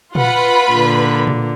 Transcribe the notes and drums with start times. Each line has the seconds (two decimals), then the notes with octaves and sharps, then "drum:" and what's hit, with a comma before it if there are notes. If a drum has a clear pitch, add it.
0.15 F4 B4 F#5 B5, drum: tom A#2
0.71 A#2 D3
1.27 drum: tom A#2